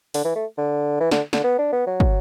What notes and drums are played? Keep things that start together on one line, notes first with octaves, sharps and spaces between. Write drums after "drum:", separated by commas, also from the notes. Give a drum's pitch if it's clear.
D3, drum: open hi-hat
E3
A3
D3
E3
D3, drum: snare
D3, drum: snare
B3
D4
B3
F#3
drum: kick